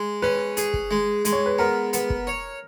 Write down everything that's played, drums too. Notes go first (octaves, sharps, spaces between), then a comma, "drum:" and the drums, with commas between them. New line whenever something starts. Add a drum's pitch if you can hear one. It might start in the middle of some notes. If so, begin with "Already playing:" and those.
Already playing: G#3
C#4 B4
G#4, drum: hi-hat
drum: kick
G#3
G#3, drum: hi-hat
C#5
B4
B3 A#4
B3, drum: hi-hat
drum: kick
C#5